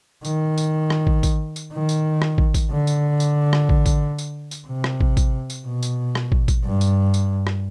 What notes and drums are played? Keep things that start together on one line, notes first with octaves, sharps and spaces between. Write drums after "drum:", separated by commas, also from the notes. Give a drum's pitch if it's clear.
D#3, drum: tambourine
drum: tambourine
drum: rim click
drum: kick
drum: kick, tambourine
drum: tambourine
D#3
drum: tambourine
drum: rim click
drum: kick
drum: kick, tambourine
D3
drum: tambourine
drum: tambourine
drum: rim click
drum: kick
drum: kick, tambourine
drum: tambourine
drum: tambourine
C3
drum: rim click
drum: kick
drum: kick, tambourine
drum: tambourine
B2
drum: tambourine
drum: rim click
drum: kick
drum: kick, tambourine
G2
drum: tambourine
drum: tambourine
drum: rim click